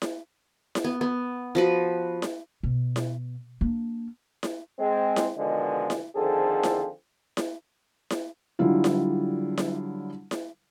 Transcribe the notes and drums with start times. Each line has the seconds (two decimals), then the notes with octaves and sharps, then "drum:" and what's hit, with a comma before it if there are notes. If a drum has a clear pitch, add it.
0.02 drum: snare E4
0.75 drum: snare E4
0.84 B3
1.01 B3
1.55 F3 F#4 B4
2.22 drum: snare E4
2.63 B2
2.96 drum: snare E4
3.61 A#3 D4
4.43 drum: snare E4
4.80 G#3 C4
5.16 drum: snare E4
5.38 B2 D3 D#3 F3 G#3
5.90 drum: snare E4
6.16 D3 D#3 F3 C4 G#4 A4
6.63 drum: snare E4
7.37 drum: snare E4
8.10 drum: snare E4
8.59 D3 F#3 G3 E4 F4
8.84 drum: snare E4
9.58 drum: snare E4
10.31 drum: snare E4